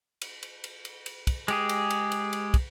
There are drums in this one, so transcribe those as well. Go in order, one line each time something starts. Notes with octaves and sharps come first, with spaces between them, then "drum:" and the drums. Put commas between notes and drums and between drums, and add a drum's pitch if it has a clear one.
drum: cymbal
drum: cymbal
drum: cymbal
drum: cymbal
drum: cymbal
drum: kick, cymbal
G#3 G4 G#4, drum: cymbal
drum: cymbal
drum: cymbal
drum: cymbal
drum: cymbal
drum: kick, cymbal